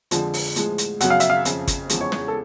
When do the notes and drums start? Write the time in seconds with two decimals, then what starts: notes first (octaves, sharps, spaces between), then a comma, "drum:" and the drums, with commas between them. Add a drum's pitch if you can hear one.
0.11 F2 D3 F3 G#3, drum: hi-hat
0.34 drum: open hi-hat
0.56 A2 F3 G#3, drum: hi-hat
0.78 drum: hi-hat
1.01 F#2 C#3 F#3 F#5, drum: hi-hat
1.10 F5
1.20 E5, drum: hi-hat
1.30 F5
1.45 F2 C#3 F3, drum: hi-hat
1.67 drum: kick, hi-hat
1.89 E2 C#3 F3 G#3, drum: hi-hat
2.01 C#5
2.12 C#5, drum: snare
2.28 A4